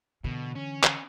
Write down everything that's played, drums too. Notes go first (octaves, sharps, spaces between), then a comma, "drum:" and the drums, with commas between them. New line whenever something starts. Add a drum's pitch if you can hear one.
B2 D3 E3
C#4
drum: clap